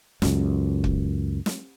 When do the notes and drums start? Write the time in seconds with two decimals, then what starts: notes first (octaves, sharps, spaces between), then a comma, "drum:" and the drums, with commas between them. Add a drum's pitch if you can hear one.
0.22 C#2 F#2, drum: snare
0.84 drum: kick
1.46 drum: snare